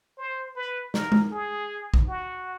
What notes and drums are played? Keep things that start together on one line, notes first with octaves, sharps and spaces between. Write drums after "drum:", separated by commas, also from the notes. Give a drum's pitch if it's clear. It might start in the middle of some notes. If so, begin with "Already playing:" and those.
C5
B4
A#4, drum: snare
drum: tom G#3
G#4
drum: kick
F#4